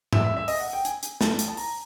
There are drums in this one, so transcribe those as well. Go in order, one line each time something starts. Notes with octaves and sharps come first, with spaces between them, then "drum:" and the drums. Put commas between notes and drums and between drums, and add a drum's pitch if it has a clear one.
E5, drum: tom G#2
E5
E5
D#5, drum: open hi-hat
F#5
G5
G#5, drum: hi-hat
drum: hi-hat
A5, drum: snare
drum: hi-hat
A5
A#5, drum: open hi-hat